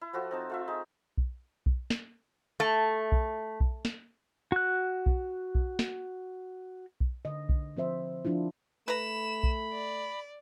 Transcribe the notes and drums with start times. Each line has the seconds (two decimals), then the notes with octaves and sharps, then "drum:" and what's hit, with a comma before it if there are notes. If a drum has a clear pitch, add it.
0.01 E4
0.13 F3 F4 F#4 A4
0.31 C4 D#4 A5
0.50 A3 F4 E5
0.68 D#4 G#4
1.18 drum: kick B1
1.66 drum: kick B1
1.90 drum: snare
2.60 A3
3.12 drum: kick B1
3.60 drum: kick B1
3.85 drum: snare
4.52 F#4 F#6
5.06 drum: kick B1
5.55 drum: kick B1
5.79 drum: snare
7.00 drum: kick B1
7.25 D3 D#5
7.49 drum: kick B1
7.77 F3 C4 C5 E5
8.25 F3 D4 E4 F4
8.88 A3 B4 A#5 B5 E7
9.43 drum: kick B1
9.72 D5